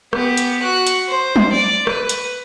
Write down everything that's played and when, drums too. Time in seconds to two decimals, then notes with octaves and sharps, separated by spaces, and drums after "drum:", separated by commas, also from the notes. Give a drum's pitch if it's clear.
0.13 B3 G4, drum: rim click
0.37 drum: hi-hat
0.62 F#4 F#6
0.87 drum: hi-hat
1.08 C5
1.36 drum: tom
1.52 D5
1.87 B4, drum: rim click
2.09 drum: hi-hat